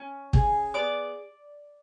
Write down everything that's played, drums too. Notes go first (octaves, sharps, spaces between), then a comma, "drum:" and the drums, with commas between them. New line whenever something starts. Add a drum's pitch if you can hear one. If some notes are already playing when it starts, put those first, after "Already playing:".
Already playing: C#4
G#4, drum: kick
B3 D5 D6